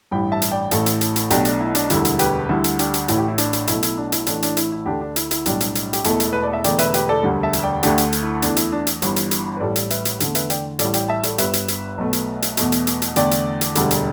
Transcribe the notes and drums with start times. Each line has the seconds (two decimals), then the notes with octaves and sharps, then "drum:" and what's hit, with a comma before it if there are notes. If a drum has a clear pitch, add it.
0.11 A1 G2 E3 G3 G5 B5
0.32 E5 A5
0.42 drum: hi-hat
0.51 D5 G5
0.71 A1 A2 A3 E4 A4, drum: hi-hat
0.86 drum: hi-hat
1.01 drum: hi-hat
1.16 drum: hi-hat
1.30 B1 B2 A3 D4 G4, drum: hi-hat
1.45 D4, drum: hi-hat
1.60 E4
1.75 D4, drum: hi-hat
1.90 E1 D2 D3 G3 E4, drum: hi-hat
2.05 drum: hi-hat
2.19 G4 B4, drum: hi-hat
2.49 D2 D3 G3 E4 A4
2.64 drum: hi-hat
2.79 D4 G4, drum: hi-hat
2.94 drum: hi-hat
3.08 A1 A2 A3 E4, drum: hi-hat
3.18 G4
3.28 E4
3.38 D4, drum: hi-hat
3.53 drum: hi-hat
3.67 B1 B2 A3 E4, drum: hi-hat
3.83 E4, drum: hi-hat
3.97 D4
4.12 E4, drum: hi-hat
4.27 A1 A2 E3 A3 D4, drum: hi-hat
4.42 D4, drum: hi-hat
4.57 E4, drum: hi-hat
4.72 E4
4.86 D2 D3 A3 D4 G4
5.01 D4
5.16 E4, drum: hi-hat
5.31 E4, drum: hi-hat
5.46 B1 A2 G3 D4 G4, drum: hi-hat
5.60 drum: hi-hat
5.75 drum: hi-hat
5.93 G4, drum: hi-hat
6.04 E1 E2 B2 A3 E4 A4, drum: hi-hat
6.20 drum: hi-hat
6.33 B4
6.43 D5
6.53 E5
6.64 E1 E2 D3 A3 D5 G5, drum: hi-hat
6.79 B4 E5, drum: hi-hat
6.94 G4 B4, drum: hi-hat
7.09 A4 D5
7.23 E1 D2 D3 G3
7.43 E5 A5
7.53 drum: hi-hat
7.63 D5 G5
7.83 D2 D3 A3 D4 G4, drum: hi-hat
7.98 drum: hi-hat
8.12 drum: hi-hat
8.22 E4
8.42 E2 E3 A3 D4, drum: hi-hat
8.57 E4, drum: hi-hat
8.72 D4
8.87 drum: hi-hat
9.02 G1 G2 E3, drum: hi-hat
9.16 drum: hi-hat
9.31 drum: hi-hat
9.57 B4
9.60 A1 A2 G3 A4 D5
9.76 drum: hi-hat
9.90 B4 E5, drum: hi-hat
10.05 drum: hi-hat
10.20 E2 D3 A3, drum: hi-hat
10.35 B4 E5, drum: hi-hat
10.50 D5 G5, drum: hi-hat
10.79 A1 A2 G3 A4 D5, drum: hi-hat
10.94 D5 G5, drum: hi-hat
11.08 E5 A5
11.23 A4 D5, drum: hi-hat
11.38 G1 G2 G3 B4 E5, drum: hi-hat
11.53 drum: hi-hat
11.68 drum: hi-hat
11.98 B1 B2 A3
12.13 drum: hi-hat
12.42 drum: hi-hat
12.57 E2 B2 A3, drum: hi-hat
12.72 drum: hi-hat
12.87 drum: hi-hat
13.02 drum: hi-hat
13.16 E2 D3 A3 D5 G5, drum: hi-hat
13.31 drum: hi-hat
13.61 drum: hi-hat
13.75 E1 D2 D3 G3, drum: hi-hat
13.91 drum: hi-hat